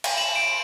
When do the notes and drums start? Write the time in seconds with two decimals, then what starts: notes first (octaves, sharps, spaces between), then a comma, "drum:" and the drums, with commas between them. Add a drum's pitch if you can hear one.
0.04 drum: cymbal
0.17 E7 F#7
0.35 D7 E7